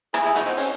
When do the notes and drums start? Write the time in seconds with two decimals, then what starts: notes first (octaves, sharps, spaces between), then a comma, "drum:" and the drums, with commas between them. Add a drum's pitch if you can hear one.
0.14 E4 G#4, drum: rim click
0.25 E4 G#4
0.35 D#4 F#4, drum: hi-hat
0.46 C4 D#4
0.57 C#4, drum: open hi-hat